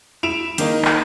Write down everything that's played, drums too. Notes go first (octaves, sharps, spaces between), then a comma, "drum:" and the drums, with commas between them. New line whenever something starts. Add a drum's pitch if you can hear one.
E4 D7 E7 F7
D#3 A#3 D#4, drum: hi-hat
drum: clap